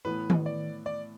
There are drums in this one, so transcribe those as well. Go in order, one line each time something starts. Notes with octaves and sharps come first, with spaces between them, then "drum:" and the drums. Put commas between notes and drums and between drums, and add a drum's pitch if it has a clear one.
A2 E3 B3 B4
drum: tom D#3
D5
D5